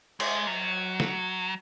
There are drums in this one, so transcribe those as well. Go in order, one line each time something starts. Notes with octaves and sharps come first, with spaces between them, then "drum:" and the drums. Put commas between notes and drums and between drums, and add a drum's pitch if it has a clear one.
G#3, drum: cymbal
F#3
drum: snare